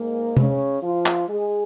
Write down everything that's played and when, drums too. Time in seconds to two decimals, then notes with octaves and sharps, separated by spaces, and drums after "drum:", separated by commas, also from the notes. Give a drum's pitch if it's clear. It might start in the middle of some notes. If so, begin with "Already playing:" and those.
Already playing: G#2 G#3 A#3
0.37 C#3 C#4, drum: tom C3
0.83 F3 F4
1.06 drum: clap
1.29 G#3 G#4